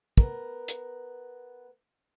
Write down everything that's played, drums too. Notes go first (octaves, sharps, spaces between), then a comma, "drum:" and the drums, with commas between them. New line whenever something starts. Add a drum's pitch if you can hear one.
B3 A#4, drum: kick
drum: hi-hat